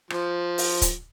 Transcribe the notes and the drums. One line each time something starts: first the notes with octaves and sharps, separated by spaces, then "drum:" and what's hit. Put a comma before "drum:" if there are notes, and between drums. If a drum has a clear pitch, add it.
F3, drum: rim click
drum: open hi-hat
drum: kick, hi-hat